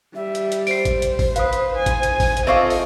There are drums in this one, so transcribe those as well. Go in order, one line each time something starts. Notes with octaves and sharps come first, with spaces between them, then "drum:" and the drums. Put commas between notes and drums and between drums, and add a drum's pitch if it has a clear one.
G3 E5
drum: hi-hat
drum: hi-hat
C5 C7 D7, drum: open hi-hat
drum: kick G#1, hi-hat
drum: hi-hat
drum: kick G#1, open hi-hat
B4 F5 D#6, drum: hi-hat
drum: hi-hat
G#5
drum: kick G#1, hi-hat
drum: hi-hat
drum: kick G#1, open hi-hat
drum: hi-hat
C4 F4 A4 D#5 E5 C#6 D6
drum: open hi-hat